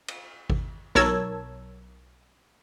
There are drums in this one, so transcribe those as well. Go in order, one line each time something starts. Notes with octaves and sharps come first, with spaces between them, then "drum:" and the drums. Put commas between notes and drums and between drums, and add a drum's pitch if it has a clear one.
drum: cymbal
drum: kick G#1
B1 A#4 C#5 A5 E6 G#6, drum: snare